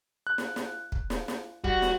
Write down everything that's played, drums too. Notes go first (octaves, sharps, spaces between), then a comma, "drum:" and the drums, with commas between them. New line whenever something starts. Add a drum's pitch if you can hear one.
F#6
drum: snare
drum: snare
drum: kick
drum: snare
drum: snare
G3 F#4, drum: kick
drum: snare